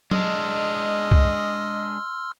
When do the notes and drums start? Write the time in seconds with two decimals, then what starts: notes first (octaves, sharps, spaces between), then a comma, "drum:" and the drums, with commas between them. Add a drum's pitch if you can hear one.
0.11 G#3 D4 D#5 C6 E6 F6, drum: tom F#3
1.11 drum: kick C2